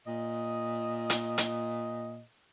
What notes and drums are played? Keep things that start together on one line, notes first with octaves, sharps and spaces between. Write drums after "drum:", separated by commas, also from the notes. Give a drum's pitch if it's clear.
A#2 D#5
drum: hi-hat
drum: hi-hat